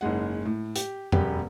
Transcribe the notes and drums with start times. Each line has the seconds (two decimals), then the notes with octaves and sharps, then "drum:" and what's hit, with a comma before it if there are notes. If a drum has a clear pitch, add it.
0.01 F#1 G#2 G#3 F#5
0.45 A2
0.76 G4, drum: hi-hat
1.12 E1 F#2 B3 G4 B4, drum: tom F2